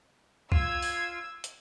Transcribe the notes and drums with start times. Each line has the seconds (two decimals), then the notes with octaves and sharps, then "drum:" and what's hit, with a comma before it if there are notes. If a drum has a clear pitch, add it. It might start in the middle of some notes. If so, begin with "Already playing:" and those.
0.52 F4 E6 G#6, drum: kick
0.82 drum: open hi-hat
1.44 drum: hi-hat